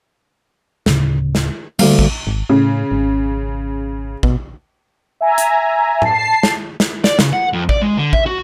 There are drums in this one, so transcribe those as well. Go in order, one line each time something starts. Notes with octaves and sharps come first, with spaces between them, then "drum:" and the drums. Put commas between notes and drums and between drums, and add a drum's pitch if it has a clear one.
D1 C#3, drum: snare
drum: snare
D2 G3 A#3 F5, drum: cymbal
drum: kick A1
G#1
A2 C#3
G#1
B2, drum: kick A1
E5 G#5 A#5
drum: hi-hat
A5 C7, drum: tom A2
drum: snare
drum: snare
D5, drum: snare
C#3, drum: snare
F#5
F2
D5, drum: kick A1
G#3
D3
E5, drum: kick A1
F#4